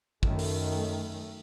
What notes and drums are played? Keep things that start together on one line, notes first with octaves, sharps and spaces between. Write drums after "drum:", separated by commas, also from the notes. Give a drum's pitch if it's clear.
F#2 D#3 A3, drum: kick
drum: open hi-hat